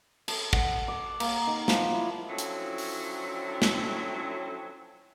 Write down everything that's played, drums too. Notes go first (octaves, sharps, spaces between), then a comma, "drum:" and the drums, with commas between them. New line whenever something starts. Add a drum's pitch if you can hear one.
A4, drum: cymbal
F#5, drum: kick
D6
A#3, drum: cymbal
D#3
F3, drum: snare
E4
D3 F3 F#3 C4 C#4 E4
drum: hi-hat
drum: open hi-hat
drum: snare